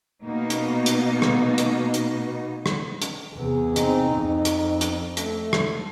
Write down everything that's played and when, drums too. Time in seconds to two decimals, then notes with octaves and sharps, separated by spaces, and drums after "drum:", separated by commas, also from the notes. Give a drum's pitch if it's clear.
0.22 B2 A#3 D#4
0.50 drum: hi-hat
0.86 drum: hi-hat
1.22 drum: rim click
1.58 drum: hi-hat
1.94 drum: hi-hat
2.66 drum: rim click
3.02 drum: hi-hat
3.33 E2 C3 G#4
3.76 C4 D#4, drum: hi-hat
4.13 F2 D#4
4.45 drum: hi-hat
4.81 drum: hi-hat
5.17 A3, drum: hi-hat
5.53 drum: rim click